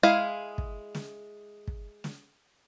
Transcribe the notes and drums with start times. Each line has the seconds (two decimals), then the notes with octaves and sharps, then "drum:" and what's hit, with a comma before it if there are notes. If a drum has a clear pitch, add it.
0.03 G#3 E4 G#4 F5
0.58 drum: kick
0.95 drum: snare
1.68 drum: kick
2.04 drum: snare